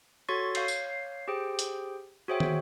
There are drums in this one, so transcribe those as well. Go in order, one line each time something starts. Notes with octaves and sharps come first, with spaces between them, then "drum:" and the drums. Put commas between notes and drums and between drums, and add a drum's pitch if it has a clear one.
F#4 A4 C#5 C6 C#6 A6
C#5 F5 G6 C7, drum: cymbal
drum: tambourine
G4 G#4 C5 G5
drum: hi-hat
F#4 G#4 C5 C#5 E5 G5
drum: tom